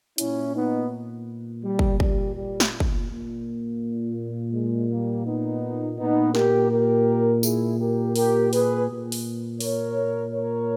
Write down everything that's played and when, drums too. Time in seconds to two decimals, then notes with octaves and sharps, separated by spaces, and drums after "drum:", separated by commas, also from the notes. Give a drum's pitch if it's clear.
0.18 A#2 C#4 E4, drum: hi-hat
0.55 B3 D#4
1.64 G3
1.79 drum: kick
2.00 G3, drum: kick
2.36 G3
2.60 drum: snare
2.80 drum: kick
3.09 A#2
4.53 G#3
4.89 G3 A#3
5.25 B3 D#4
5.99 A#2 B3 D#4
6.35 G4 A#4, drum: snare
6.71 G4 A#4
7.43 E4 G#4, drum: tambourine
7.79 G4 A#4
8.16 G4 A#4, drum: open hi-hat
8.53 G#4 B4, drum: open hi-hat
8.88 A#2
9.12 drum: open hi-hat
9.60 A#4 C#5, drum: open hi-hat
10.34 A#4 C#5